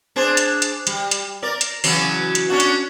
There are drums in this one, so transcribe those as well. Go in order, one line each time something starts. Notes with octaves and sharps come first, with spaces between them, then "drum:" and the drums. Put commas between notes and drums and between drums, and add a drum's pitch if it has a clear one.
D4 G#4 C5
drum: hi-hat
drum: hi-hat
G3, drum: hi-hat
drum: hi-hat
A#4 D5
drum: hi-hat
C#3 E3 F#3, drum: open hi-hat
drum: hi-hat
C#4 D4 F#4
drum: hi-hat